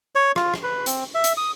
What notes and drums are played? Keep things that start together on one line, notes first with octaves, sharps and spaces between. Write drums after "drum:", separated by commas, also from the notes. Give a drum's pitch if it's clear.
C#5
F4, drum: rim click
drum: rim click
B4
C4, drum: hi-hat
E5
drum: hi-hat
D#6